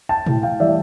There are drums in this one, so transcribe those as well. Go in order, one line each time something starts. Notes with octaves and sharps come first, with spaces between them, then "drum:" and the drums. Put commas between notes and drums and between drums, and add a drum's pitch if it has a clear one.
G5 A5
A2, drum: tom
F5 G5
E3 G3 D5 E5